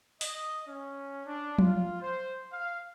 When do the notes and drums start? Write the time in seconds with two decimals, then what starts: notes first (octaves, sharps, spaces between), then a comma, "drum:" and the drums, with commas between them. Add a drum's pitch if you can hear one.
0.21 D#5, drum: open hi-hat
0.67 C#4
1.26 D4
1.58 F4, drum: tom F3
2.01 C5
2.51 F5